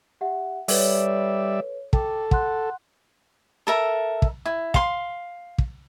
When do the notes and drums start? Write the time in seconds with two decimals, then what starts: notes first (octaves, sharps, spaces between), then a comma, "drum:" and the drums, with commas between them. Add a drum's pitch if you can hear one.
0.21 G4 E5 F#5
0.68 G3 A4 B4 C#5 D5 E5, drum: open hi-hat
1.93 A4 G5 D6, drum: kick
2.31 F#5 C6 F#6, drum: kick
3.67 A4 A#4 E5
4.22 drum: kick
4.46 E4
4.74 F5 C6, drum: kick
5.58 drum: kick